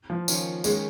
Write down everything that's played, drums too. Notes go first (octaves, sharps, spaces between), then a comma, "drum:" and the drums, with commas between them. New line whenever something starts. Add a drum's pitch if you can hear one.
F3
D#3 C#4 F4, drum: tambourine
D#3 G#3 C#4, drum: tambourine